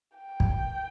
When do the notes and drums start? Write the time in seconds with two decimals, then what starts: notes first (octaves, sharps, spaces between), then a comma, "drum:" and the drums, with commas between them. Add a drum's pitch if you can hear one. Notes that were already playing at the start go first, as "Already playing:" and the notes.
0.18 G5
0.40 drum: kick